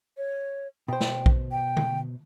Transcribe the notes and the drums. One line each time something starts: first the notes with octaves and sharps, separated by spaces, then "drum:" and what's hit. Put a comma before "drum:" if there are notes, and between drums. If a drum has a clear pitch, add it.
C#5
B2 C5 G5
drum: snare
drum: kick A#1
G5
drum: tom D3